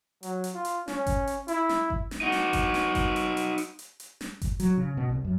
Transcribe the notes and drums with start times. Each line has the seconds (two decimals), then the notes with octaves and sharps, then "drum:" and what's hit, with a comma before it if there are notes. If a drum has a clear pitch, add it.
0.23 F#3, drum: hi-hat
0.44 drum: hi-hat
0.54 F4
0.65 drum: hi-hat
0.88 C#4, drum: snare
1.07 drum: kick G1, hi-hat
1.27 drum: hi-hat
1.48 E4, drum: hi-hat
1.69 drum: snare
1.90 drum: kick G1
2.11 drum: snare
2.21 D#4 F#4
2.32 drum: snare
2.53 drum: kick G1, hi-hat
2.74 drum: snare
2.95 drum: kick G1, hi-hat
3.16 drum: hi-hat
3.37 drum: hi-hat
3.58 drum: hi-hat
3.79 drum: hi-hat
4.00 drum: hi-hat
4.21 drum: snare
4.42 drum: kick G1, hi-hat
4.60 F#3, drum: hi-hat
4.77 C#3
4.97 B2
5.09 C2
5.24 F#2